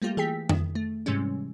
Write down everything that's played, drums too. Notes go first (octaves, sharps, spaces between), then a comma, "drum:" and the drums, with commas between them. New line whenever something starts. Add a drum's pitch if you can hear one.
G3 A3 A#3 F4 G4
E3 G#4 G5 B6
D#3, drum: tom F2
A3
G#2 C3 E3 G3 G#3 C#4